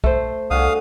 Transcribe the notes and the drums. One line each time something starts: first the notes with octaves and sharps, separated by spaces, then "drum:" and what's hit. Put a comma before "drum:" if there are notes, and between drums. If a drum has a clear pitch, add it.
A3 C5, drum: kick B1
C2 D3 F#4 G#4 F5 D#6